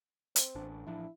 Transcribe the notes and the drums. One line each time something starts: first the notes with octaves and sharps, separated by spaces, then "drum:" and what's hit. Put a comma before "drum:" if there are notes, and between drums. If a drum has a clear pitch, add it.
C4, drum: hi-hat
A1 D4
A1 F3 D4 E4